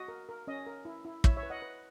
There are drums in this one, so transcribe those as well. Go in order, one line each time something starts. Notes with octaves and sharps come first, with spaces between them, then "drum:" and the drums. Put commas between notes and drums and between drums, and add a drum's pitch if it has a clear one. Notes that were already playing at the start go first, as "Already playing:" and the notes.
Already playing: F#4 D#5
A#4
A#4
C#4 D#5
A#4
E4
E4
E4 C#5 E5, drum: kick
C#5 E5
B4
D#5 F#5
B4